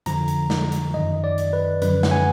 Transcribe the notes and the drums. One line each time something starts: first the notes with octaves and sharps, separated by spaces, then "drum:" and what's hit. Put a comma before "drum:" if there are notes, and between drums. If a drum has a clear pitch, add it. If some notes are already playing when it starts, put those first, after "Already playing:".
F2 D3 F3 A#5, drum: hi-hat
drum: hi-hat
drum: snare
drum: hi-hat
F#2 D#3 D#5
D5
drum: hi-hat
B4
F#2 D3 F3 B4, drum: hi-hat
F#5, drum: snare
G#5